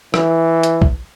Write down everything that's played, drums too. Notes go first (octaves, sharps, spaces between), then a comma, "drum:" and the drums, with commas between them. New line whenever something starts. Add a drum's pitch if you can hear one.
E3, drum: rim click
drum: hi-hat
drum: kick B1